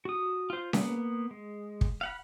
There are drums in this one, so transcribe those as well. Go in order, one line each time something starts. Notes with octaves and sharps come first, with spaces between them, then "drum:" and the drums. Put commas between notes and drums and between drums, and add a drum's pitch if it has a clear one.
F#4 D#6
F4 C5
A#3 B3, drum: snare C#4
G#3
drum: kick
F5 F#5 B5